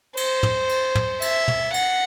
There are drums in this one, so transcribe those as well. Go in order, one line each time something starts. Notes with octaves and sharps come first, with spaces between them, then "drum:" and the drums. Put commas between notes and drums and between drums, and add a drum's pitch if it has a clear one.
C5, drum: cymbal
drum: tom
drum: cymbal
drum: tom
E5, drum: cymbal
drum: tom
F#5, drum: cymbal